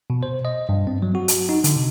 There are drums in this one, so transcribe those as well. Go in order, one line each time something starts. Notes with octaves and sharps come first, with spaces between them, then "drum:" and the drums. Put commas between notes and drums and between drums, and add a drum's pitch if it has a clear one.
B2
C5
D#5
G2
C4
F#3
F#4
drum: hi-hat
D#4
D3, drum: hi-hat
C3